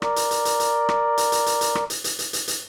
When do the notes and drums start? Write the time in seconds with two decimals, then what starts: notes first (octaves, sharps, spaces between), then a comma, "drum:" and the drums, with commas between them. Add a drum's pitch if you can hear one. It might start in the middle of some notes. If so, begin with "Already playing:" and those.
0.02 A#4 D5, drum: rim click
0.16 drum: hi-hat
0.31 drum: hi-hat
0.45 drum: hi-hat
0.60 drum: hi-hat
0.89 drum: rim click
1.18 drum: hi-hat
1.32 drum: hi-hat
1.46 drum: hi-hat
1.61 drum: hi-hat
1.75 drum: rim click
1.90 drum: hi-hat
2.04 drum: hi-hat
2.19 drum: hi-hat
2.33 drum: hi-hat
2.48 drum: hi-hat